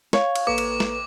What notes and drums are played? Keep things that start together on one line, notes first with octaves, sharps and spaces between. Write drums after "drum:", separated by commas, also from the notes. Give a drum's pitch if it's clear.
C#5 F5, drum: snare
drum: cymbal
A1 A#3 A4 B4 D6
drum: cymbal
drum: snare